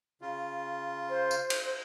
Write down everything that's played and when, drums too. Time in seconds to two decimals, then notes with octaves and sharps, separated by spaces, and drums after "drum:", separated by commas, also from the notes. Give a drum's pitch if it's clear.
0.21 C#3 F4
1.09 C5
1.31 drum: tambourine
1.50 drum: cymbal